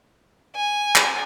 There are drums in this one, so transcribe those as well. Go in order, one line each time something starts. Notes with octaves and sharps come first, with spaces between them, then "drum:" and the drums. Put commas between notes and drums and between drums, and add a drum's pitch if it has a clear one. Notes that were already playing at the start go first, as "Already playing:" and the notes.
G#5
drum: clap